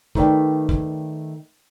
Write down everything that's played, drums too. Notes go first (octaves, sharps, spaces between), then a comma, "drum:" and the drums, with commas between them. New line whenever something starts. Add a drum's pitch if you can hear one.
D#3 A3 B4 D5 G5, drum: kick
drum: kick